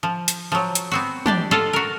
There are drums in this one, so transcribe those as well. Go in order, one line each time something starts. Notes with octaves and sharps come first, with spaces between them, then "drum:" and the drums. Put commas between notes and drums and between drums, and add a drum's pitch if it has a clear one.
F3
drum: hi-hat
F3 F#3
drum: hi-hat
B3 C4 F#4
D4 G4 D5, drum: tom
F4 A4 D#5 F#5
F#4 A#4